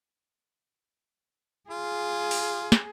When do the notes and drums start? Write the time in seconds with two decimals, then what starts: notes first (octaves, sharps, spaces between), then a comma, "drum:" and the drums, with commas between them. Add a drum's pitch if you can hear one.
1.70 F4 G#4
2.31 drum: open hi-hat
2.72 drum: snare